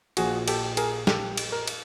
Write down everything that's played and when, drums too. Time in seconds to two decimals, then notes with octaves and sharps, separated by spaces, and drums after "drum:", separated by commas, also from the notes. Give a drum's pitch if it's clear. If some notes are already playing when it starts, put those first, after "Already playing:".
0.17 A#1 A#2 F3 F#4 G#4, drum: cymbal
0.48 G4 A4, drum: cymbal
0.77 G#4 A#4, drum: cymbal
1.07 G4 A4, drum: snare
1.37 drum: cymbal
1.52 A#4
1.67 drum: cymbal